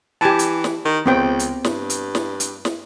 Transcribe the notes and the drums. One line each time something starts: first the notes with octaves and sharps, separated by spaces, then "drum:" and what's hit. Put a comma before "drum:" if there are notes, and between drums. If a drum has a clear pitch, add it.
E3 G4 G#5 A5
drum: hi-hat
drum: snare
D#3
C#2 B3 C4 G5
drum: hi-hat
G2, drum: snare
drum: hi-hat
drum: snare
drum: hi-hat
drum: snare